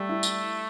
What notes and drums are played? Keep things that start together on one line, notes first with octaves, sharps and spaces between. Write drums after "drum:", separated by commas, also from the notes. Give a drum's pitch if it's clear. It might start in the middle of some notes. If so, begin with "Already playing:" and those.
Already playing: G3 A3
E4
drum: tambourine